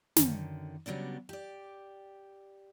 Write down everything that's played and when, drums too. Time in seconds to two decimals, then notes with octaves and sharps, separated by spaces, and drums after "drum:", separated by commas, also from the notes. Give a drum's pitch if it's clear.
0.16 F#2 D3 D#3, drum: snare
0.86 C#3 F#3 G3 B3 D4
1.29 G4 D5